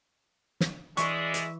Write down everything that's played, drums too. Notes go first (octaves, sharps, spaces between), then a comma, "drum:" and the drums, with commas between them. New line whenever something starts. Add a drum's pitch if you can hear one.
drum: snare
E3 G#3 D5 E5 C#6, drum: hi-hat
drum: hi-hat